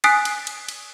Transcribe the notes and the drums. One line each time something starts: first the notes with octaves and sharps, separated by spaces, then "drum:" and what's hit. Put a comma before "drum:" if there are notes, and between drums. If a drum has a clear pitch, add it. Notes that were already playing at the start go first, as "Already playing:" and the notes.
G#5 D#6 F#6 A6 B6 C7, drum: cymbal
drum: cymbal
drum: cymbal
drum: cymbal